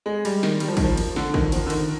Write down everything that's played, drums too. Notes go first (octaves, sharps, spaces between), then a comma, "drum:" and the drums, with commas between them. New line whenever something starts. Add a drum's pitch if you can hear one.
G#3
G3, drum: cymbal
D#3, drum: snare
G3, drum: cymbal
F3
D#3, drum: kick, cymbal
F3
drum: cymbal
D3, drum: snare
D#3, drum: kick
F3, drum: cymbal
D3
D#3, drum: cymbal